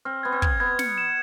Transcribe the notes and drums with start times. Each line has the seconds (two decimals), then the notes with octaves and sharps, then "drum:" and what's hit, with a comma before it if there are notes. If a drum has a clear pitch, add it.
0.05 C4 F6
0.23 B3 G#6
0.32 C4
0.42 G#6, drum: kick
0.60 B3 G#6
0.79 C#7, drum: snare
0.98 E7